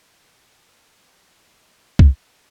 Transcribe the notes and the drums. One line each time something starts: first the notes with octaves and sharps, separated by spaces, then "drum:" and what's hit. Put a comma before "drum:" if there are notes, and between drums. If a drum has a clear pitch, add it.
B2
B3 D4 A#4
F#2 G4 B4
F2 A2 A#3 E4 D#5
G3 F#5, drum: kick C2